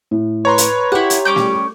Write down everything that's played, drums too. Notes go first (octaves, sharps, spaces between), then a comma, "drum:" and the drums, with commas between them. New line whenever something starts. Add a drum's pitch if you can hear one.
A2
B4 C#5 A#5 C6
drum: hi-hat
E4 G4 F#5
drum: hi-hat
G3 C#4 D6 G6
drum: snare